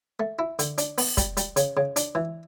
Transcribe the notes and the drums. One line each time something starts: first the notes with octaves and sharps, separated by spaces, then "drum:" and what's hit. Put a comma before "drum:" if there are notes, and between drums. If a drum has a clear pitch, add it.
A3
E4
D3, drum: hi-hat
D4, drum: hi-hat
B3, drum: open hi-hat
G3, drum: kick, hi-hat
G3, drum: hi-hat
C#3, drum: hi-hat
C#3
D4, drum: hi-hat
E3